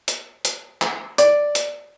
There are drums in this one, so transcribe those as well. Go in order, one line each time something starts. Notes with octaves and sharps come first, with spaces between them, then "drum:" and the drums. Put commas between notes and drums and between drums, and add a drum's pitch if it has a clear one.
drum: hi-hat
drum: hi-hat
drum: clap
D5, drum: hi-hat
drum: hi-hat